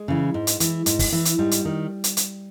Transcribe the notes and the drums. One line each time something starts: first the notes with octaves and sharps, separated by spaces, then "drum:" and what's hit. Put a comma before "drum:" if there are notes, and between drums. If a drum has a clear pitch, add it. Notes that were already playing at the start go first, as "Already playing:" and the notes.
Already playing: G#3
C#3 E3
G#2
drum: hi-hat
E3, drum: hi-hat
G#2, drum: hi-hat
drum: kick, open hi-hat
E3
drum: hi-hat
G#2 G3
drum: hi-hat
D#3
drum: hi-hat
drum: hi-hat